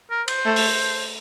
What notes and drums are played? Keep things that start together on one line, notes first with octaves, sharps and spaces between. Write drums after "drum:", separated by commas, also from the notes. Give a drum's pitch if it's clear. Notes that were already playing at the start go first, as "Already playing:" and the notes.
A#4
C5, drum: cymbal
A3
drum: open hi-hat